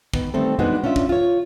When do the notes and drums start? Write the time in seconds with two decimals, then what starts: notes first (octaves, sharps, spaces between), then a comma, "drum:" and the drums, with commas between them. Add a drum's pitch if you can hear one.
0.14 D#3 B3, drum: kick
0.34 D#3 G3 A3 C4 A4
0.59 G3 G#3 B3 D4 D#4 F#4
0.84 C#4 D4 F4 E5
0.96 drum: kick
1.09 F4 C#5